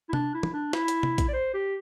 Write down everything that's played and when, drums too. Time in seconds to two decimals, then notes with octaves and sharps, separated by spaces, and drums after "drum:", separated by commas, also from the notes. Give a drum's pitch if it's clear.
0.09 E4
0.13 D4, drum: tom
0.34 E4
0.43 drum: tom
0.53 D4
0.73 E4, drum: snare
0.88 drum: hi-hat
1.03 drum: tom
1.18 drum: kick A#1, hi-hat
1.28 D5
1.33 C5
1.54 G4